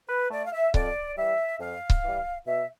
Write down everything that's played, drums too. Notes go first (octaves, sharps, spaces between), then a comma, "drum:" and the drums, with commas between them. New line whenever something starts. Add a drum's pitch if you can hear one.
B4
A3 D5
F5
E5
F2 D5, drum: kick C#1
E3 G3 E5
F2 F5
drum: kick C#1
E3 G3
B2 E5